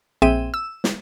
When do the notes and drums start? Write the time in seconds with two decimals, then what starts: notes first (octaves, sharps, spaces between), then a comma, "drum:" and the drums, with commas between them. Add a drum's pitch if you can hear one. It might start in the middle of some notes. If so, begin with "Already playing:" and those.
0.22 A#1 C4 G#4 E5 G5 D#7
0.54 E6
0.84 drum: snare